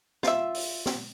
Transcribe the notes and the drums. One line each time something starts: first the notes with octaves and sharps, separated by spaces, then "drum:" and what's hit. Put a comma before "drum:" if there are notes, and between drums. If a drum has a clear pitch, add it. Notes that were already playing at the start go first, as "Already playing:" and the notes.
F4 E5, drum: snare
drum: open hi-hat
drum: snare